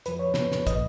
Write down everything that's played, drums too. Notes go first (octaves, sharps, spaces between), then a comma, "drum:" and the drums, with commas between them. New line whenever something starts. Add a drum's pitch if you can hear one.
F2 F3 B4, drum: hi-hat
C#5
B4, drum: snare
drum: snare
A#2 F3 D#5, drum: kick, hi-hat